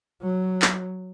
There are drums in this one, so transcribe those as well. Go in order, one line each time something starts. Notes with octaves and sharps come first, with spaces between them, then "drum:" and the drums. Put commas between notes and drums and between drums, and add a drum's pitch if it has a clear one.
F#3
drum: clap